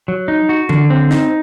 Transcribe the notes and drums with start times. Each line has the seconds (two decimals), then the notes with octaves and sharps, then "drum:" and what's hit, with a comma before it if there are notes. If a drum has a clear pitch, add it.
0.08 F#3
0.28 D#4
0.49 F#4
0.69 D3, drum: tom D#3
0.90 C4
1.11 D#4, drum: snare